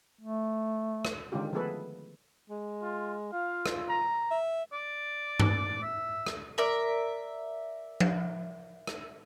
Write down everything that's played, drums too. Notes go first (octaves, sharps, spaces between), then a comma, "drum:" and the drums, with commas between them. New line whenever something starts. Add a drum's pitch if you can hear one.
A3
drum: rim click
D3 D#3 G#3 C#4 F4 G4
F3 A3 B3 G#4 A4 B4
G#3
F4
F4 F5
drum: rim click
A#5
E5
D5
drum: tom G2
E5
drum: rim click
A#4 D5 E5
drum: tom F3
drum: rim click